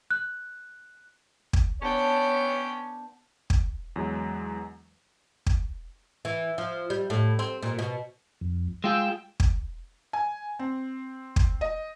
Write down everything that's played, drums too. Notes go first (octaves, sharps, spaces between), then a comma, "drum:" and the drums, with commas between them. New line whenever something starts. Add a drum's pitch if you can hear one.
F#6
drum: kick
B3 C#4 D4 C5 C#5 G5
drum: kick
E2 F#3 G#3
drum: kick
E3
F3
G3
A2
C4
A#2
B2
F2
G#3 F4 G#4 G5 E6
drum: kick
G#5
C4
drum: kick
D#5